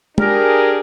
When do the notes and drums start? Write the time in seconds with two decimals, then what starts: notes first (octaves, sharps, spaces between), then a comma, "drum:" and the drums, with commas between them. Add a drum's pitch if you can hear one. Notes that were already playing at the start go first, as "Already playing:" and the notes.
0.18 D4 G4 G#4 A#4, drum: tom